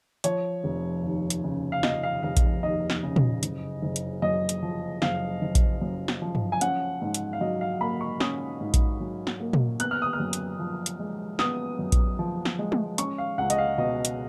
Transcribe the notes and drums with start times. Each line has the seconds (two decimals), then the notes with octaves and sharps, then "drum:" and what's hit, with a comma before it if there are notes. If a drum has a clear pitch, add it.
0.24 F3 C#5, drum: hi-hat
0.64 F1
1.04 D#2
1.30 drum: hi-hat
1.44 C#3
1.72 F5
1.83 F3 D#5, drum: snare
2.03 F5
2.23 F1 F5
2.37 drum: kick A#1, hi-hat
2.63 D#2 D#5
2.90 drum: snare
3.03 C#3
3.16 drum: tom A#2
3.43 F#1, drum: hi-hat
3.82 F#1
3.96 drum: hi-hat
4.22 F#2 D#5
4.49 drum: hi-hat
4.63 F3
5.02 F#1 F5, drum: snare
5.42 F#1
5.55 drum: kick A#1, hi-hat
5.81 F#2
6.08 drum: snare
6.22 F3
6.35 drum: tom G2
6.52 G#5
6.61 C#4 F#5, drum: hi-hat
7.02 G#2
7.14 drum: hi-hat
7.33 F5
7.41 F#3 D#5
7.61 F5
7.81 A#3 B5
8.01 C#6
8.20 C#4 D#6, drum: snare
8.61 G#2
8.74 drum: kick A#1, hi-hat
9.00 F#3
9.27 drum: snare
9.40 A#3
9.53 drum: tom A#2
9.80 B3 F#6, drum: hi-hat
9.91 F6
10.02 D#6
10.13 F6
10.20 F#2
10.33 drum: hi-hat
10.59 F3
10.86 drum: hi-hat
10.99 G#3
11.39 B3 D#6, drum: snare
11.79 F#2
11.92 drum: kick A#1, hi-hat
12.19 F3
12.45 drum: snare
12.59 G#3
12.72 drum: tom G#3
12.98 C#4 C#6, drum: hi-hat
13.18 F5
13.38 C#2 F#5
13.50 D#5, drum: hi-hat
13.58 F5
13.78 B2 D#5
14.05 drum: hi-hat